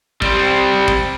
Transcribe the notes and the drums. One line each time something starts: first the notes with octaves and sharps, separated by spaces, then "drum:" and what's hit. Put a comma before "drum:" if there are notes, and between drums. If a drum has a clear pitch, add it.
G3 C4, drum: kick
drum: kick